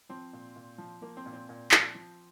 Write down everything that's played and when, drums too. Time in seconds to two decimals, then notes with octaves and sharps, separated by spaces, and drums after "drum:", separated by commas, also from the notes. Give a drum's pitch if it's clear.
0.09 F3 C4
0.33 A#2
0.56 A#2
0.78 F3
1.02 F3 A#3
1.17 C4
1.26 A#2
1.33 C4
1.49 A#2
1.71 F3, drum: clap
1.95 F3